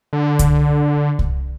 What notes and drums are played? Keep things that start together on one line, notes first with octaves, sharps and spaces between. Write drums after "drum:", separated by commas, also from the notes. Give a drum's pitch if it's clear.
D3
drum: kick C2, hi-hat
drum: kick C2